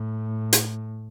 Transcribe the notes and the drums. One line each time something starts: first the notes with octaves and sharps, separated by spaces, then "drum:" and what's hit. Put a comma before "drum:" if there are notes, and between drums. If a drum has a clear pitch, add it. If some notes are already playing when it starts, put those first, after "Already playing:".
Already playing: A2
drum: hi-hat